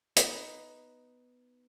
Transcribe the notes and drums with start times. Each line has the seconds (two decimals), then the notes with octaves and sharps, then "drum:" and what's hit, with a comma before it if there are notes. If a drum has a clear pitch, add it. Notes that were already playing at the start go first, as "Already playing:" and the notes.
0.16 B3 D#4, drum: hi-hat